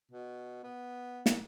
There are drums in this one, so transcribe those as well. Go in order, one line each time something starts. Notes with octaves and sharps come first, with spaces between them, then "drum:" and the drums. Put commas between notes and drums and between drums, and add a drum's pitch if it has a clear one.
B2
B3
drum: snare